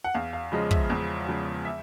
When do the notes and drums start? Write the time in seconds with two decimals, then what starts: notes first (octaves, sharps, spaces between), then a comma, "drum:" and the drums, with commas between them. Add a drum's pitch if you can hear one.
0.04 F#5
0.14 E2 F5
0.33 F5
0.52 C#3 F3 G#3 D#5
0.71 E5, drum: kick
0.90 E2
1.28 C#3 F3 G#3
1.65 E5